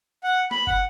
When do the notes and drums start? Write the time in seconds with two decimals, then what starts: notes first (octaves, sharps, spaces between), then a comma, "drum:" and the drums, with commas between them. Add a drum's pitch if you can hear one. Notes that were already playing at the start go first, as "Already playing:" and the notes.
0.23 F#5
0.51 B5, drum: snare
0.67 F#5, drum: kick